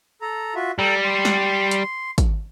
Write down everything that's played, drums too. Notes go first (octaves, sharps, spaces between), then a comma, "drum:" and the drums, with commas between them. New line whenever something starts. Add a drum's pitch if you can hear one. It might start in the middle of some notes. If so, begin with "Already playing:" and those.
A4 A#5
F4 F#4 E5
G3 A4 G5 A#5
C6
drum: snare
drum: hi-hat
drum: kick, hi-hat